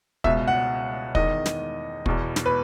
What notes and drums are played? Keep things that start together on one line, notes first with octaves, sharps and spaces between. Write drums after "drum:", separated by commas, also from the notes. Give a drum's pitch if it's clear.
C#2 B2 E5, drum: kick
F#5
E2 D#3 D#5, drum: kick
drum: snare
E2 B2, drum: kick
drum: snare
B4